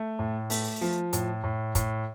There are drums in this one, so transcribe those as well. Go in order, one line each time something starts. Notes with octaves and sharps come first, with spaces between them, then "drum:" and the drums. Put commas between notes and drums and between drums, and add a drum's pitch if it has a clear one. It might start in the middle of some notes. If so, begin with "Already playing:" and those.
Already playing: A3
A2
A3, drum: open hi-hat
F3
A2, drum: hi-hat
A2
A2, drum: kick, hi-hat